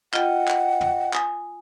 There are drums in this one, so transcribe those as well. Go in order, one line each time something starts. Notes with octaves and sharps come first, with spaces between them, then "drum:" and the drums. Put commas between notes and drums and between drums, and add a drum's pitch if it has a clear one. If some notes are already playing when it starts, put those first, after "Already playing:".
F4 D#5 F#5 G5, drum: clap
drum: clap
drum: tom
G#5 D#6, drum: clap